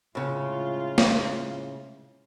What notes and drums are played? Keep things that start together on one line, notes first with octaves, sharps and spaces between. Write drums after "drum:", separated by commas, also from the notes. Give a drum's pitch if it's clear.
A2 C#3 G#3 F4
drum: snare